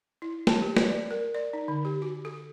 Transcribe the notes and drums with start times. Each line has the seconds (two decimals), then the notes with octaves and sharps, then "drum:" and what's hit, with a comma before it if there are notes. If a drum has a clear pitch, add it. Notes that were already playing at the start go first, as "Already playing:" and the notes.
0.22 E4
0.47 A5, drum: snare
0.62 G4
0.77 B4, drum: snare
0.89 D5
1.11 A#4
1.35 D5
1.53 D#4
1.68 D3
1.85 G4
2.02 F#4
2.25 A4